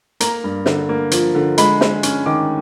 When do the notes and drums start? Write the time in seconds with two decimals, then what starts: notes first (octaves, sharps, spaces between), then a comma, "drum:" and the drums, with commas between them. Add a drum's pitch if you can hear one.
0.20 A#3 A#5, drum: hi-hat
0.44 G2
0.66 D3, drum: snare
0.89 A#3
1.11 F3, drum: hi-hat
1.35 D3
1.58 G#3 B5, drum: hi-hat
1.81 G#3, drum: snare
2.03 C#4, drum: hi-hat
2.26 D#3 D6